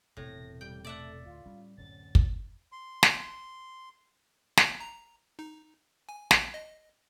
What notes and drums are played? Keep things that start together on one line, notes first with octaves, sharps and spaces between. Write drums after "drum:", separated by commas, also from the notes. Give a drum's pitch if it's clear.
E1 A2 C3 C4 A#6
G3 G5
A3 D5 E5 F#5
D2 F4
G3 C#4
D1 F#2 C#4 A6
drum: kick
C6
drum: snare
drum: snare
A#5
D#4
G#5
A#1, drum: snare
D#5